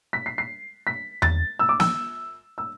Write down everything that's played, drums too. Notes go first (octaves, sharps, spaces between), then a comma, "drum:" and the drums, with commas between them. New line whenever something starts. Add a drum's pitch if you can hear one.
B6
C7
C7
B6
A6, drum: tom E2
E6
D6
E6, drum: snare
E6